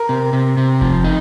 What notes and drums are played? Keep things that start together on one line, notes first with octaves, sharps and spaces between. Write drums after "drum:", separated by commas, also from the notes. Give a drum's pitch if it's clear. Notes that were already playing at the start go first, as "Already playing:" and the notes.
Already playing: A#4
C3
C3
C3
F3, drum: kick F#1
D#4